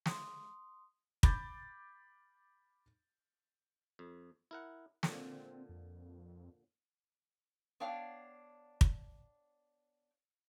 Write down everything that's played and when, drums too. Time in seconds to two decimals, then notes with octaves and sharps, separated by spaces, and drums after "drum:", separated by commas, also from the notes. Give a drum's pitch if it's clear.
0.06 C6 D#6, drum: snare
1.23 B5 D6 G6 A6, drum: kick
3.99 F2
4.51 E4 A#4 F#5
5.03 A#2 D3 C4, drum: snare
5.69 F2
7.80 B3 D4 C#5 F5 G5
8.81 drum: kick